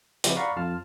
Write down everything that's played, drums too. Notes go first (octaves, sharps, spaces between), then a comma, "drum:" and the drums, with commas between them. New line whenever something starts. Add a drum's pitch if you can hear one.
C#3 F3 C4 E4 G4 B4, drum: hi-hat
D5 F5 F#5 A#5 B5 C#6
F2 F4 A5 F6